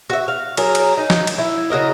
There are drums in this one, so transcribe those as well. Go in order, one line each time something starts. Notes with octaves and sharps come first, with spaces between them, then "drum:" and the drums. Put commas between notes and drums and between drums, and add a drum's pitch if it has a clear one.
F#4 E5
F5
F#3 G#4 A#4, drum: cymbal
drum: cymbal
D#4
drum: snare
drum: cymbal
E4
C#3 F#4 A#4 D#5